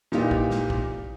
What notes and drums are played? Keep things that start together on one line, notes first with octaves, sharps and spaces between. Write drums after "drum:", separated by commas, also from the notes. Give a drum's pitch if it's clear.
A#2 E3 D#4 F4 G4, drum: snare
drum: kick
drum: snare
drum: kick